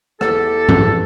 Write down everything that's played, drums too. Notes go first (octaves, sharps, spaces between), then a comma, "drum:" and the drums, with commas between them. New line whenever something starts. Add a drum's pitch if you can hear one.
E2 G4 A4, drum: rim click
drum: tom G2